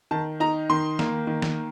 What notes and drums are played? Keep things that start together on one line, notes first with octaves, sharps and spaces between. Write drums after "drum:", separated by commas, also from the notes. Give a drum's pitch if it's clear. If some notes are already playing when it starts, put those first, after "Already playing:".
D#3 A5
D#4 A#5
D#3 C6
A#3, drum: snare
D#3
drum: snare